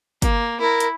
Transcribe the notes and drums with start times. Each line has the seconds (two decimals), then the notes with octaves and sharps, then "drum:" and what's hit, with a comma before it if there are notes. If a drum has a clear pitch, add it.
0.22 A#3, drum: kick G1, hi-hat
0.60 E4 A#4
0.80 drum: hi-hat